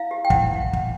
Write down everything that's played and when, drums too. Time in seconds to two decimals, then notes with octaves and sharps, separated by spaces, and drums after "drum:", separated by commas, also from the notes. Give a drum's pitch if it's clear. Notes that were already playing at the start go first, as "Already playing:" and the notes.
Already playing: E4 F5
0.11 G4
0.25 G5
0.30 E4 F#5, drum: kick
0.73 drum: kick